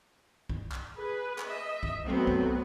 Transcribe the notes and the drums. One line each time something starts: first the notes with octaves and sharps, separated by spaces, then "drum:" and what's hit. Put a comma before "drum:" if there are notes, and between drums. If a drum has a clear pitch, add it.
drum: kick B1
drum: clap
G#4 B4
drum: clap
D#5 E5
drum: kick B1
F#3 A3 B3 C4
drum: kick B1